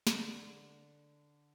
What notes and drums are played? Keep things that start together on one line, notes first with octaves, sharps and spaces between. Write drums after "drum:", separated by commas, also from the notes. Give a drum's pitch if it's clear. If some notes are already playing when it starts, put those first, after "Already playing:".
D3 B4 A5, drum: snare